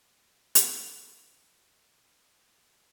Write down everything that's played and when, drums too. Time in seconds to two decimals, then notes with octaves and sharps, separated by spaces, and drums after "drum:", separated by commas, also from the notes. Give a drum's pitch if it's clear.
0.55 drum: hi-hat
1.14 C3 E3 F#3